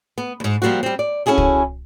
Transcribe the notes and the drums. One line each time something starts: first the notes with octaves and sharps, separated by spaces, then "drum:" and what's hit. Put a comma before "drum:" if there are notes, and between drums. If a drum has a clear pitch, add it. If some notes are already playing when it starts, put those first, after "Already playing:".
B3
E2 G#2
F3 G3 A#3 C4 F#4
G3 C4
D5
C#4 E4 F#4 G#4 A4
drum: kick